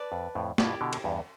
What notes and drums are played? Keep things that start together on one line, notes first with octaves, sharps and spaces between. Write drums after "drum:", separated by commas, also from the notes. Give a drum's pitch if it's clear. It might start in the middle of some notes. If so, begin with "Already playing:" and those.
Already playing: B4 D5 A5
F2
F2 A2
G2 B2 E4 G4 D5, drum: snare
B2 D3
drum: cymbal
E2 G2